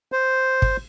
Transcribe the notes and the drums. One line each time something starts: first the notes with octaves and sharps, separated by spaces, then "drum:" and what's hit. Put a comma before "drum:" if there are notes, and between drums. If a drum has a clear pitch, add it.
C5
drum: kick G#1